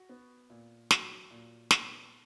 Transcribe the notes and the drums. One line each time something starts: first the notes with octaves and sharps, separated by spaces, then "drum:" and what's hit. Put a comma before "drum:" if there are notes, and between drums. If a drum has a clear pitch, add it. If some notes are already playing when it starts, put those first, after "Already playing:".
Already playing: F#4
B3
A#2
F#3, drum: snare
A#2
B3, drum: snare